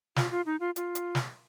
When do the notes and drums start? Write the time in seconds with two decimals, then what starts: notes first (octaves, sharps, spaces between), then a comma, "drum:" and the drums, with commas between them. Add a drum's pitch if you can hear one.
0.16 F4, drum: snare
0.31 F4
0.46 D#4
0.60 F4
0.76 F4, drum: hi-hat
0.95 drum: hi-hat
1.15 drum: snare